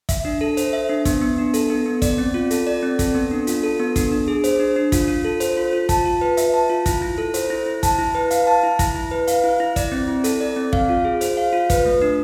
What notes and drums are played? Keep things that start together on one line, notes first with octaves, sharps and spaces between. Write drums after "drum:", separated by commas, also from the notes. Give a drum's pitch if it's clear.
E5, drum: kick, hi-hat
D4
A4
C5, drum: hi-hat
E5
D4
B3, drum: kick, hi-hat
B3
D4
A4, drum: hi-hat
B3
B3
D5, drum: kick, hi-hat
C4
F4
A4, drum: hi-hat
D5
C4
A4, drum: kick, hi-hat
B3
D4
F4, drum: hi-hat
A4
B3
D4, drum: kick, hi-hat
D4
G#4
C5, drum: hi-hat
D4
D4
F4, drum: kick, hi-hat
F4
A4
C5, drum: hi-hat
F4
F4
A5, drum: kick, hi-hat
F4
B4
E5, drum: hi-hat
A5
F4
E4, drum: kick, hi-hat
E4
A4
C5, drum: hi-hat
E4
E4
A5, drum: kick, hi-hat
E4
B4
F5, drum: hi-hat
A5
E4
E4, drum: kick, hi-hat
E4
B4
F5, drum: hi-hat
E4
E4
D5, drum: kick, hi-hat
C4
E4
A4, drum: hi-hat
D5
C4
F5, drum: kick
F4
G#4
C5, drum: hi-hat
F5
F4
B4, drum: kick, hi-hat
A3
D4